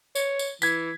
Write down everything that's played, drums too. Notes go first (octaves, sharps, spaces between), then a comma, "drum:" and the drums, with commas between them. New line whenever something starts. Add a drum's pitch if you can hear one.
C#5, drum: tambourine
drum: tambourine
E3 G#6 B6, drum: tambourine